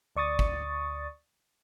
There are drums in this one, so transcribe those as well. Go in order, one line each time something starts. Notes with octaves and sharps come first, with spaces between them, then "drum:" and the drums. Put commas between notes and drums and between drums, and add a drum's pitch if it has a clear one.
D2 D5 C#6 D#6 A6
drum: kick